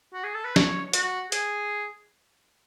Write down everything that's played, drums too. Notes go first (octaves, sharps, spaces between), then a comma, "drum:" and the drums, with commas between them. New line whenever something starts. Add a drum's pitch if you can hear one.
F#4
G#4
A4
B4
C#5, drum: snare
F#4, drum: hi-hat
G#4, drum: hi-hat